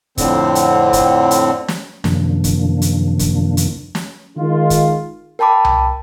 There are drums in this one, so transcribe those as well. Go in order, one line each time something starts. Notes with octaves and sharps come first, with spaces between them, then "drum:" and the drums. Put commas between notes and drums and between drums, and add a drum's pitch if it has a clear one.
F2 A2 D3 C4, drum: kick, hi-hat
drum: hi-hat
drum: kick, hi-hat
drum: hi-hat
drum: snare
F#2 C3 D#3 F3 A#3 D4, drum: snare
drum: kick, hi-hat
drum: hi-hat
drum: kick, hi-hat
drum: hi-hat
drum: snare
D#3 G#3 D#4 F4
drum: kick, hi-hat
A#4 G5 A5 B5 D6
drum: tom C2